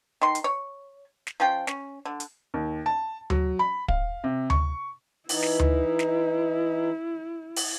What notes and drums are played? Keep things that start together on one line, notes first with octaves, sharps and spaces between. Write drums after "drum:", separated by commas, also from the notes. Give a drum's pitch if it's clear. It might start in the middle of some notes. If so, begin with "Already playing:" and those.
D#3 C6
drum: hi-hat
C#5
drum: snare
F3 C#4 F4 G5
C#4, drum: snare
D3
drum: hi-hat
D#2
A5
F#3, drum: tom D2
B5
F5, drum: kick
C3
C#6, drum: tom D2
E3 D#4 E4, drum: open hi-hat
drum: snare
drum: tom D2
drum: snare
drum: open hi-hat